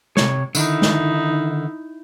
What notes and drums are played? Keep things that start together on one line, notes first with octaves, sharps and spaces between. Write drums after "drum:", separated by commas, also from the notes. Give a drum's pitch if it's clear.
C3 C#5, drum: snare
D3 D#3 D#4 E4, drum: tambourine
drum: snare